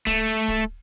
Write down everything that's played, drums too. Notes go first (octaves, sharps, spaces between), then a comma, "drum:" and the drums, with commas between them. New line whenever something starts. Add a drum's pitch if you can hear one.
A3, drum: kick D1, open hi-hat
drum: hi-hat
drum: kick D1, hi-hat